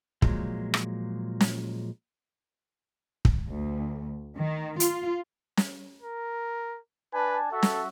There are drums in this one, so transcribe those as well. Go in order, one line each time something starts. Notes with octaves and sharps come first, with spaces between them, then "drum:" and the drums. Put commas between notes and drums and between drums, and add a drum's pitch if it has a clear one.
A#2 F3 F#3 G#3, drum: kick
drum: rim click
drum: snare
drum: kick
D2
D#3
F4, drum: hi-hat
drum: snare
A#4
D4 B4 G#5 A5
F#4 A4 E5
drum: snare